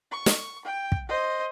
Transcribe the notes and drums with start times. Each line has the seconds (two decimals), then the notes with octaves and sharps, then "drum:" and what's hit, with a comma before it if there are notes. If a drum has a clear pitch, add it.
0.12 C#6
0.26 drum: snare
0.65 G5
0.92 drum: kick
1.08 C5 D#5